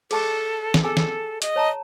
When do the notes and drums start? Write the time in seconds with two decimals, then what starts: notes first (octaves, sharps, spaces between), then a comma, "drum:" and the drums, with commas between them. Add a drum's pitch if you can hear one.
0.11 G#4 A4 A5 C#6, drum: cymbal
0.74 drum: snare
0.83 G#4 A4 G#5 E6
0.97 drum: snare
1.42 D#5, drum: hi-hat
1.56 C#5 A5 A#5